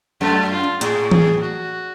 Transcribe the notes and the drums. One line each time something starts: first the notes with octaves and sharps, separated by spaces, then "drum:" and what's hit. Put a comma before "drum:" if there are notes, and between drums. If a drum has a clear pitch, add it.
F#2 A3
F4
A2 G#4, drum: hi-hat
G#4, drum: tom E3
F#4